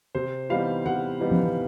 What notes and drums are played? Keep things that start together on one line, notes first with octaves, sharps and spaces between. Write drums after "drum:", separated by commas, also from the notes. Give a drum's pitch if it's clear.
C3 C5
E3 G3 B3 D#4 F5
C3 F#5
E3 G3 B3 D#4
drum: tom F3